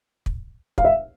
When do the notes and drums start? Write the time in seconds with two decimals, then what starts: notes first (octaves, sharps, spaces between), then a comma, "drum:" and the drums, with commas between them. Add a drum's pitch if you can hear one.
0.26 drum: kick
0.78 F5, drum: kick
0.84 E5